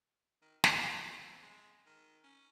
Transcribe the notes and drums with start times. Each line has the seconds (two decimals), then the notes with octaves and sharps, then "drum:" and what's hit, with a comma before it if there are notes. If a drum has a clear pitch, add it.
0.42 D#3
0.64 D#2, drum: snare
0.96 B3
1.20 C4
1.42 G#3
1.87 D#3
2.24 C#4